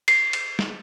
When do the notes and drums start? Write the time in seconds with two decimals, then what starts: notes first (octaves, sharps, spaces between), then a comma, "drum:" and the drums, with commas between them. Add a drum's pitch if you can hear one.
0.08 C7, drum: cymbal
0.33 drum: cymbal
0.59 drum: snare